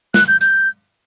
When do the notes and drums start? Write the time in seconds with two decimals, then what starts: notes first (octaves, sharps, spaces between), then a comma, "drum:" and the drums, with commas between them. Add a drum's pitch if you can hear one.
0.14 F#6, drum: snare
0.28 G6
0.41 G6, drum: hi-hat